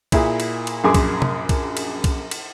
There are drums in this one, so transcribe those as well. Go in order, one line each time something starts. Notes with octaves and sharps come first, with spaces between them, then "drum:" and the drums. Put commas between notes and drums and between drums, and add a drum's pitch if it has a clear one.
A#2 E4 G#4, drum: kick B1, cymbal
drum: cymbal
drum: cymbal
A#1 F#2 G#4 G#5 C6 D6
drum: kick B1, cymbal
drum: tom
drum: kick B1, cymbal
drum: cymbal
drum: kick B1, cymbal
drum: cymbal